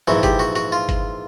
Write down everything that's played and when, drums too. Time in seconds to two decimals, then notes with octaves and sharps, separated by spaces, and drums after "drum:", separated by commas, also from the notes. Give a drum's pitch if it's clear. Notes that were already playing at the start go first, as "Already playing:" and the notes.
0.07 A#1 G#2 E3 F#4
0.23 G4, drum: kick G1, hi-hat
0.39 F#4
0.55 F#4, drum: hi-hat
0.72 F4
0.89 drum: kick G1, hi-hat